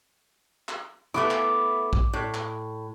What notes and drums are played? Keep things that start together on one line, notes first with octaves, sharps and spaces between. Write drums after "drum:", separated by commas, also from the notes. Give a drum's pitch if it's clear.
drum: clap
A3 B3 E4 D6
drum: clap
drum: kick
A2
drum: clap